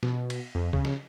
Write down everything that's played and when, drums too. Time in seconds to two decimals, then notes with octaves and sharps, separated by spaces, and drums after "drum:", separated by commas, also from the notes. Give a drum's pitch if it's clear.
0.03 B2, drum: snare
0.30 drum: cymbal
0.55 F2
0.73 C#3, drum: kick
0.85 drum: snare